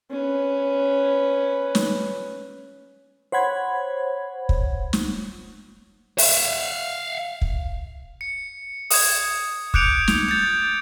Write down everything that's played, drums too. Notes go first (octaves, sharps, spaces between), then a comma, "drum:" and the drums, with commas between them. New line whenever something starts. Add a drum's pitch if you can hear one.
C#4 B4
drum: snare
C5 C#5 F#5 B5 G#6
drum: kick
drum: snare
E5 F5, drum: open hi-hat
drum: kick
C#7
D#6 G#6, drum: open hi-hat
D6 F#6 G6 C#7 D7 F7, drum: kick
F7, drum: snare
G6 A6